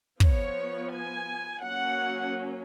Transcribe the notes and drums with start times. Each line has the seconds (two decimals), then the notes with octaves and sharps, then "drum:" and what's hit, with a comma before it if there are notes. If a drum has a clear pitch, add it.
0.20 F3 B3 C#5, drum: kick
0.91 G#5
1.61 F#3 A#3 C#4 F#5